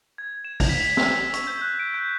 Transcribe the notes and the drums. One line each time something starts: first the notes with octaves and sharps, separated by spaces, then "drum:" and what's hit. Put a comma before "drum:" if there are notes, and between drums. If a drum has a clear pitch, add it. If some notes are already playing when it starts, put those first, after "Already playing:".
G#6
E7
drum: kick G#1, open hi-hat
B6
E6, drum: snare
C#6, drum: hi-hat
G6
F#6
D7
G6